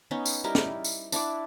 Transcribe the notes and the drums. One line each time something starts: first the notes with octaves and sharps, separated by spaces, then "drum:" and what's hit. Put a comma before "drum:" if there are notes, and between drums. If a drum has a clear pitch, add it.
B3 C#4 D#4
drum: tambourine
G3 D#4 E4 A#4
drum: snare
drum: tambourine
D4 E4 F#5 D6, drum: tambourine